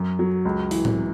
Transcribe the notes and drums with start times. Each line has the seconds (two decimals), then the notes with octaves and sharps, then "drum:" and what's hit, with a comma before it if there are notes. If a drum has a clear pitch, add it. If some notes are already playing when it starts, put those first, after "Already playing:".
Already playing: F#2
0.19 F#3
0.45 C#2
0.71 E3, drum: open hi-hat
0.85 drum: tom